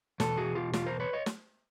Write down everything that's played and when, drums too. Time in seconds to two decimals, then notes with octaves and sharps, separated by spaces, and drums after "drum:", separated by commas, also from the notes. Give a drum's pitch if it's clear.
0.20 E2 B2 A4, drum: snare
0.37 F#4 G#4
0.55 F4 G4
0.73 F4 G4, drum: snare
0.87 A#4 C5
1.00 B4 C#5
1.13 C#5 D#5
1.26 drum: snare